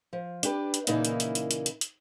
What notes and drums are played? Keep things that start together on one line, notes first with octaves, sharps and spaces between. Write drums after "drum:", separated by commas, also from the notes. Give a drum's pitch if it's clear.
F3
D4 G4 B4, drum: hi-hat
drum: hi-hat
A#2 C#3 E3 A#3 D#4 E4, drum: hi-hat
drum: hi-hat
drum: hi-hat
drum: hi-hat
drum: hi-hat
drum: hi-hat
drum: hi-hat